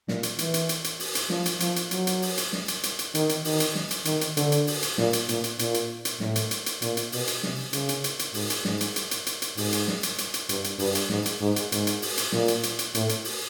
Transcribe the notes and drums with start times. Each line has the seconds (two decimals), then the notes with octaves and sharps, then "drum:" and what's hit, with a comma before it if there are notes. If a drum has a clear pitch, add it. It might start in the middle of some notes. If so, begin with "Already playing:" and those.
0.08 A#2, drum: snare
0.23 drum: hi-hat
0.39 E3, drum: hi-hat
0.54 drum: hi-hat
0.69 drum: hi-hat
0.84 drum: hi-hat
1.00 drum: open hi-hat
1.15 drum: hi-hat
1.30 F3, drum: snare
1.46 drum: hi-hat
1.60 F3, drum: hi-hat
1.76 drum: hi-hat
1.91 F#3, drum: hi-hat
2.07 drum: hi-hat
2.22 drum: open hi-hat
2.37 drum: hi-hat
2.53 drum: snare
2.68 drum: hi-hat
2.83 drum: hi-hat
2.99 drum: hi-hat
3.15 D#3, drum: hi-hat
3.29 drum: hi-hat
3.45 D#3, drum: open hi-hat
3.60 drum: hi-hat
3.75 drum: snare
3.91 drum: hi-hat
4.05 D#3, drum: hi-hat
4.21 drum: hi-hat
4.37 D3, drum: hi-hat
4.52 drum: hi-hat
4.67 drum: open hi-hat
4.82 drum: hi-hat
4.98 A#2, drum: snare
5.13 drum: hi-hat
5.29 A#2, drum: hi-hat
5.44 drum: hi-hat
5.59 A#2, drum: hi-hat
5.74 drum: hi-hat
6.05 drum: hi-hat
6.20 A2, drum: snare
6.36 drum: hi-hat
6.51 drum: hi-hat
6.66 drum: hi-hat
6.82 A#2, drum: hi-hat
6.97 drum: hi-hat
7.12 B2, drum: open hi-hat
7.27 drum: hi-hat
7.43 C3, drum: snare
7.73 C#3, drum: hi-hat
7.89 drum: hi-hat
8.04 drum: hi-hat
8.19 drum: hi-hat
8.34 G#2, drum: open hi-hat
8.50 drum: hi-hat
8.65 G#2, drum: snare
8.81 drum: hi-hat
8.96 drum: hi-hat
9.11 drum: hi-hat
9.26 drum: hi-hat
9.42 drum: hi-hat
9.57 G#2, drum: open hi-hat
9.72 drum: hi-hat
9.88 drum: snare
10.03 drum: hi-hat
10.18 drum: hi-hat
10.34 drum: hi-hat
10.49 G2, drum: hi-hat
10.64 drum: hi-hat
10.79 G2, drum: open hi-hat
10.95 drum: hi-hat
11.10 G#2, drum: snare
11.26 drum: hi-hat
11.41 G#2
11.56 drum: hi-hat
11.72 G#2, drum: hi-hat
11.87 drum: hi-hat
12.02 drum: open hi-hat
12.17 drum: hi-hat
12.32 A#2, drum: snare
12.48 drum: hi-hat
12.63 drum: hi-hat
12.79 drum: hi-hat
12.95 A2, drum: hi-hat
13.09 drum: hi-hat
13.25 drum: open hi-hat